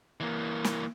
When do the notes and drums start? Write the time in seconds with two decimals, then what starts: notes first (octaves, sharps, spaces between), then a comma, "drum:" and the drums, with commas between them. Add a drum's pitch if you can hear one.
0.20 E3 A#3
0.65 drum: snare